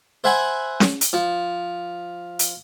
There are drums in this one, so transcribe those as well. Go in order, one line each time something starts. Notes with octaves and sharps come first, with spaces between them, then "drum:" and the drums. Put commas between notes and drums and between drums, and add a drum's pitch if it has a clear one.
C5 E5 F#5 G#5 B5
drum: snare C#4
drum: hi-hat
F3
drum: hi-hat